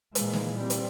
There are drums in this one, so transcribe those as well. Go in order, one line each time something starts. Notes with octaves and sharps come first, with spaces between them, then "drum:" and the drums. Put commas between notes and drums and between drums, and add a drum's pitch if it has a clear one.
A#2 E3 G#3 A#3, drum: hi-hat
drum: snare
G3 C4
drum: hi-hat